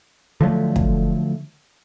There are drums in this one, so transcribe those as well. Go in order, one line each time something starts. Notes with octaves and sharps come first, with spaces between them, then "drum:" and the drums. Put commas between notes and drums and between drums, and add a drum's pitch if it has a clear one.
D3 F3 F#3 A3
drum: kick